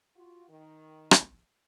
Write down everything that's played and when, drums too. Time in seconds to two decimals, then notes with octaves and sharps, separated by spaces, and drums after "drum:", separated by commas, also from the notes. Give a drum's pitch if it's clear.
0.16 F4 F#4
0.48 D#3
1.11 drum: rim click